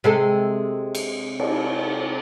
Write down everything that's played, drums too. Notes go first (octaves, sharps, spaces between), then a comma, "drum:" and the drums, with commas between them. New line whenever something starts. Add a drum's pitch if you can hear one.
C3 G#3 A4
drum: cymbal
drum: cymbal